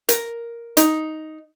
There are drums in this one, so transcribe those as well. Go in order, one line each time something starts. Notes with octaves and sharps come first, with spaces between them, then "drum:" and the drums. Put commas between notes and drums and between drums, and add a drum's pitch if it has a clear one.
A#4, drum: hi-hat
D#4, drum: hi-hat